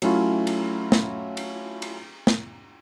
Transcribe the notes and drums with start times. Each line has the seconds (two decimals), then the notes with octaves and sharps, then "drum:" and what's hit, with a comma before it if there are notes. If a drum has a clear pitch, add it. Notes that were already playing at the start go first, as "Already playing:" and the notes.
0.02 F#3 A3 C#4 E4 F4, drum: cymbal
0.47 drum: cymbal
0.92 drum: snare
1.37 drum: cymbal
1.82 drum: cymbal
2.27 drum: snare